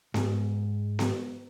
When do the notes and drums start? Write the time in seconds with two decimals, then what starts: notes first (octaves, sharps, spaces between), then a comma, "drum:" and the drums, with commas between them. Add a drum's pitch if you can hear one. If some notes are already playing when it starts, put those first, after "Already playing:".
0.14 G#2, drum: snare B3
0.99 drum: snare B3